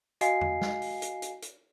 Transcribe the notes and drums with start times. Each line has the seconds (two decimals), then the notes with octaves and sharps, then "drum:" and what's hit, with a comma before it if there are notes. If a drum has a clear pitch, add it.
0.21 F#4 D#5 F5 G#5 C7, drum: hi-hat
0.41 drum: tom E2
0.61 drum: snare
0.82 drum: open hi-hat
1.02 drum: hi-hat
1.22 drum: hi-hat
1.42 drum: hi-hat